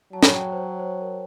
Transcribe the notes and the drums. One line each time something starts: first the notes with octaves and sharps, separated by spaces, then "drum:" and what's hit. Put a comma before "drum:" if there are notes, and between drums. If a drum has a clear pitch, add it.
F#3 A5
drum: snare
G5
C5
C#5
C5
A#4